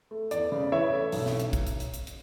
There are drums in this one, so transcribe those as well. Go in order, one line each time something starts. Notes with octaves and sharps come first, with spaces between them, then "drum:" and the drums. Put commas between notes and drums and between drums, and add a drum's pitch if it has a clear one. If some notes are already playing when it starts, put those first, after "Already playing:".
A3
E2 D5, drum: hi-hat
C#3
E3 C#5 E5
A3
B1, drum: open hi-hat
drum: snare
drum: hi-hat
drum: kick A#1, hi-hat
drum: hi-hat
drum: hi-hat
drum: hi-hat
drum: hi-hat